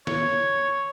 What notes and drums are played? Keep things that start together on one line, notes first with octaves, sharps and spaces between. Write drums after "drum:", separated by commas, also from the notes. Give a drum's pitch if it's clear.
C#5, drum: snare